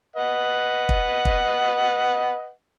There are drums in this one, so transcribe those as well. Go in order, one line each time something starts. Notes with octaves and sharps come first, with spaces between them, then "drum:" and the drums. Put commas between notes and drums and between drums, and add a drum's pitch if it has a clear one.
B4 D#5 F#5
drum: kick
drum: kick